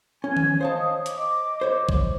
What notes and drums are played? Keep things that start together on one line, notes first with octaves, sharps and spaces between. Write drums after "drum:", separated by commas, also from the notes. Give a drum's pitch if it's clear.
C#4 G#5 G#6
drum: tom D#3
C5 C#5 D#5 F5 A5 D#6
D#5 D6, drum: hi-hat
C5 C#5
drum: kick